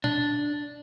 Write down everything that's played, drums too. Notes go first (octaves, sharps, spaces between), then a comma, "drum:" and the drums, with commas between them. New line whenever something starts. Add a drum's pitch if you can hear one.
D4, drum: tom A#2